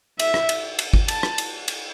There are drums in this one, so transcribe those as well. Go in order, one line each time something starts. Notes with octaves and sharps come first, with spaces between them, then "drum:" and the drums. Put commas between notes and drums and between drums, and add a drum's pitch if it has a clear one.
E5, drum: cymbal
drum: rim click
drum: cymbal
drum: cymbal
drum: kick G1
A5, drum: cymbal
drum: rim click
drum: cymbal
drum: cymbal